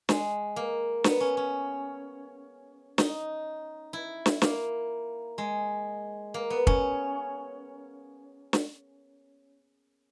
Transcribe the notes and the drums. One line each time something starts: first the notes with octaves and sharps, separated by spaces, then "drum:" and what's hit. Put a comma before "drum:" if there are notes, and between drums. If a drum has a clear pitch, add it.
G#3, drum: snare
A#3
B3, drum: snare
C#4
C#4
D#4, drum: snare
E4
drum: snare
A#3, drum: snare
G#3
A#3
B3
C#4, drum: kick
drum: snare